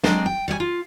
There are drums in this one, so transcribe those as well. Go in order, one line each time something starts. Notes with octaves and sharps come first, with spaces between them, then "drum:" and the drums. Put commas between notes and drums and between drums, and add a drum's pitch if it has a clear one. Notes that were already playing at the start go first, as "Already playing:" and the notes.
F#3 G#3 C4 D4 D5, drum: snare
G5
G3 C#5 D5 G#5
F4